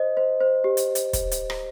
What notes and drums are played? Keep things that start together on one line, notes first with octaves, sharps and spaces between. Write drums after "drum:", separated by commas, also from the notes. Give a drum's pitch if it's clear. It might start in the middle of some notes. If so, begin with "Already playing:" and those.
Already playing: C5 D#5
C5
C5
G4
drum: hi-hat
drum: hi-hat
drum: kick, hi-hat
drum: hi-hat
drum: rim click